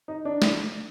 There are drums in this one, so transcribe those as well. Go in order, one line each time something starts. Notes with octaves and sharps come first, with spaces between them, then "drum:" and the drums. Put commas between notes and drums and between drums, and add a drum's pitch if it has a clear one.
D#4
D4
drum: snare